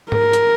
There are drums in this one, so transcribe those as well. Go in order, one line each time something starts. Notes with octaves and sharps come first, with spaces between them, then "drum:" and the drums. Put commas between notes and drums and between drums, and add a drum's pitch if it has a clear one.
A#4, drum: tom G#2
drum: hi-hat